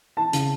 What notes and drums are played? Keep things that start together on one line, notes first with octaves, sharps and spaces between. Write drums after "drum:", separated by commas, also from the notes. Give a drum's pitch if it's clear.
E3 A5
C#3, drum: hi-hat